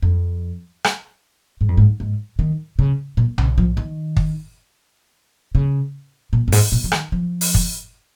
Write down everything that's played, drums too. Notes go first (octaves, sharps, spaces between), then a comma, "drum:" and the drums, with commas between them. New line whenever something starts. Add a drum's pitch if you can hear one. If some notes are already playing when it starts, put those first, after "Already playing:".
F2
drum: rim click
G#2
F2
G#2
G#2
D#3
C#3
A#2
C#3, drum: tom B1
F3
D#3
drum: kick
C#3
A#2
F2
G#2, drum: open hi-hat
A#2
F3
D#3, drum: rim click
F3
drum: open hi-hat
drum: kick